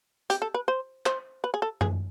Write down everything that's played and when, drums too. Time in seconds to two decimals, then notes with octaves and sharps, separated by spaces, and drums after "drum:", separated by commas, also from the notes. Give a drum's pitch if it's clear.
0.30 G4, drum: hi-hat
0.42 A4
0.54 B4
0.68 C5
1.06 C5, drum: clap
1.44 B4
1.54 G#4
1.62 A4
1.81 G#4, drum: tom F#2